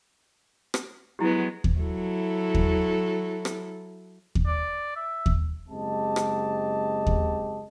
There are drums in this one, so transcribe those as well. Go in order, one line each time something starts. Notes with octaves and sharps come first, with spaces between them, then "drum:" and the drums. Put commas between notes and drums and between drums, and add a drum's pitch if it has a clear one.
drum: rim click
F#3 G#3 B3 E4 G4
drum: kick D#2
F#3 E4 A4
drum: kick D#2
drum: rim click
drum: kick D#2
D5
E5
drum: kick D#2
F#1 G#3 C4 G4 D#5 A5
drum: rim click
drum: kick D#2